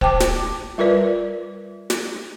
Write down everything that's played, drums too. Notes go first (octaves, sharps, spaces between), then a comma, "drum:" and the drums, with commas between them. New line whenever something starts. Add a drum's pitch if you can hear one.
C5 G5 A5 D6, drum: kick
drum: snare
G3 F4 A#4 B4 D5
drum: snare